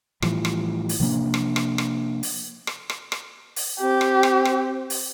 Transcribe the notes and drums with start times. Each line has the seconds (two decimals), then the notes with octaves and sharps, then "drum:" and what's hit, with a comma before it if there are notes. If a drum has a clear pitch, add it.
0.22 A2 E3 F3 G3, drum: rim click
0.45 drum: rim click
0.89 drum: open hi-hat
1.00 C3 F3 A#3 D4
1.34 drum: rim click
1.56 drum: rim click
1.78 drum: rim click
2.23 drum: open hi-hat
2.67 drum: rim click
2.90 drum: rim click
3.12 drum: rim click
3.56 drum: open hi-hat
3.80 C4 G4
4.01 drum: rim click
4.23 drum: rim click
4.45 drum: rim click
4.90 drum: open hi-hat